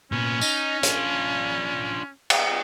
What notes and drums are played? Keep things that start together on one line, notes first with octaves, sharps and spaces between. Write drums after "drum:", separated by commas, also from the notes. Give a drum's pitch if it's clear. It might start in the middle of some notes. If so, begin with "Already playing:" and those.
A#2 B3 C#4
D#4, drum: tambourine
D4 F4, drum: hi-hat
drum: cymbal